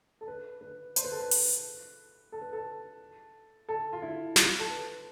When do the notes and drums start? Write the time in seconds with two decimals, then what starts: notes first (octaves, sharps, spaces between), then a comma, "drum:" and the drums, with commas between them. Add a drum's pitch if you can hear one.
0.21 A4
0.28 B4
0.61 B4
0.96 C5, drum: hi-hat
1.04 B4
1.12 A4
1.20 B4
1.31 drum: open hi-hat
2.32 A4
2.42 B4
2.53 A4
3.69 A4
3.93 F4
4.02 E4
4.36 F4, drum: snare
4.59 A4
4.70 B4